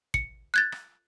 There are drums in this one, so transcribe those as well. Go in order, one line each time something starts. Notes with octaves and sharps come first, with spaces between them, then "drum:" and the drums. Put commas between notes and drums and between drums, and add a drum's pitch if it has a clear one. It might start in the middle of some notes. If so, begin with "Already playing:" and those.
C#7, drum: kick
F#6 G#6 A6
drum: rim click